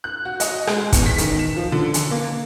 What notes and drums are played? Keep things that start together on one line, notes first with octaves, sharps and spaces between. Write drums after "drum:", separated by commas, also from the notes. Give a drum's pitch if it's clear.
F#6
F#4
D#5, drum: hi-hat
G#3, drum: rim click
E2, drum: kick, hi-hat
B6
D#3, drum: hi-hat
E7
F3
D3
drum: hi-hat
A#3
A#3